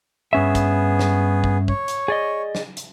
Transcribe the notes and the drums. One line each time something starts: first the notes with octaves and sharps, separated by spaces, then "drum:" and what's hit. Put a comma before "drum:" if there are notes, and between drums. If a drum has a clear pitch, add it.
G2 B3 C#4 G#4 E5
drum: kick, hi-hat
drum: snare
drum: kick
C#5, drum: kick
drum: hi-hat
G#4 D5 D#5
drum: snare
drum: hi-hat